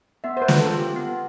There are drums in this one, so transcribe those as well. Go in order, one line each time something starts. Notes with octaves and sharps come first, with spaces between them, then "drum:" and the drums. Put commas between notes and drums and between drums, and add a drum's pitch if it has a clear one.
B3 E5
C5
B4
F4, drum: snare
A4
F4 G4
B3